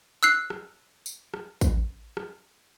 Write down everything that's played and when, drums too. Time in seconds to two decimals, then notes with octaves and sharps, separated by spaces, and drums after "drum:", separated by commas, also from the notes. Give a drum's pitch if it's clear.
0.23 E6 F#6 C7
0.50 drum: rim click
1.06 drum: tambourine
1.34 drum: rim click
1.61 drum: kick, tambourine
2.17 drum: rim click